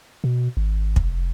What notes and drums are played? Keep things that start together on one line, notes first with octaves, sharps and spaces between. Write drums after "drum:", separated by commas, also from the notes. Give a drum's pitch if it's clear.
B2
G#1
F1, drum: kick